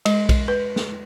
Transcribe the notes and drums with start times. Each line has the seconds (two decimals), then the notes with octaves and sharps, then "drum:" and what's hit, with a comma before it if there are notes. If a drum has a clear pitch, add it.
0.06 G#3, drum: cymbal
0.29 drum: kick B1, cymbal
0.48 B4
0.76 drum: snare